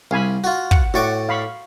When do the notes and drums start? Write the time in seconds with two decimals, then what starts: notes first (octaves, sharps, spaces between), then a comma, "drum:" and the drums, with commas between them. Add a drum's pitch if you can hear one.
0.11 C2 F5 G#5 B5
0.44 F4 F#4
0.71 F#5, drum: kick
0.94 A2 F#4 D5 C#6 D6
1.29 F5 B5 C#6